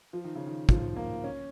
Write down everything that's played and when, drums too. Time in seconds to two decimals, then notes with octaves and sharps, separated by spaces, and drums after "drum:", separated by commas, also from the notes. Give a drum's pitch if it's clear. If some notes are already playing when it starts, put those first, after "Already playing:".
0.13 F3
0.24 D#3
0.35 C#3
0.47 D#3
0.69 F3, drum: kick
0.96 A#3
1.24 C#4